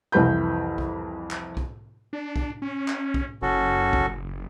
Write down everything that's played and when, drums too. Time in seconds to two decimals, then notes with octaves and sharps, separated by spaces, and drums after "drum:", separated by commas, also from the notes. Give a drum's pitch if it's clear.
0.12 C2 F2 E3 B4 B5 G6
0.78 drum: kick
1.31 drum: clap
1.57 drum: kick
2.13 D4
2.36 drum: kick
2.62 C#4
2.88 drum: clap
3.14 drum: kick
3.42 F#1 C#4 F#4 A4
3.93 drum: kick